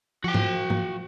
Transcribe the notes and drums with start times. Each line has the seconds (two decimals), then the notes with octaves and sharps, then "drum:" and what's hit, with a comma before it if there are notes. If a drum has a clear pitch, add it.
0.24 F3 F#4 G5
0.34 drum: tom G#2
0.70 drum: tom G#2